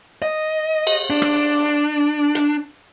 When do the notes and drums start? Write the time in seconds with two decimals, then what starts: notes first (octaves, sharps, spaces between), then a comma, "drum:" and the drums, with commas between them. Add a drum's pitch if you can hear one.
0.22 D#5
0.87 drum: cymbal
1.10 D4
1.22 drum: rim click
2.35 drum: hi-hat